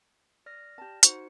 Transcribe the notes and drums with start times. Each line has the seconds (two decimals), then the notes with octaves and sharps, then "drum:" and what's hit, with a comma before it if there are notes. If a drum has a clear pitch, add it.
0.46 D5 F6 A#6
0.78 G4 A5
1.03 D#4 F#4 C5 C#7, drum: hi-hat